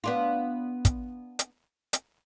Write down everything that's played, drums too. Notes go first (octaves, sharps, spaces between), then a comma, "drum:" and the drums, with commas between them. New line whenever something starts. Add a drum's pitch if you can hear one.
B3 D4 F4
drum: kick, hi-hat
drum: hi-hat
drum: hi-hat